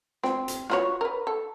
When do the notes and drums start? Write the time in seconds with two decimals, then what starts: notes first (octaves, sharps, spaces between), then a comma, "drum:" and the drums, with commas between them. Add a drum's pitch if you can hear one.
0.23 C4, drum: snare
0.48 drum: hi-hat
0.70 F4 F#4 C#5, drum: snare
1.01 A#4 B4
1.27 A4